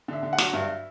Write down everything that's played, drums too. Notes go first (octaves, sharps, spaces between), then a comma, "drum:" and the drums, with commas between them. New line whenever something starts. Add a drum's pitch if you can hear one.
D3 E5
D3
F#5
F#3, drum: snare
G2 E5